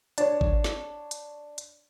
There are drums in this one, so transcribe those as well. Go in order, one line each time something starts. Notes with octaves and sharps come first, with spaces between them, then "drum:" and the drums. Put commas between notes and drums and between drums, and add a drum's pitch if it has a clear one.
D4 C#5, drum: hi-hat
drum: kick G#1
drum: snare
drum: hi-hat
drum: hi-hat